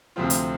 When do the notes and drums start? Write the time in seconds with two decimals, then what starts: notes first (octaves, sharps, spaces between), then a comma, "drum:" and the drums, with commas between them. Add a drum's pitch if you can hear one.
0.16 D2 C3 F3 C4 F4
0.30 drum: hi-hat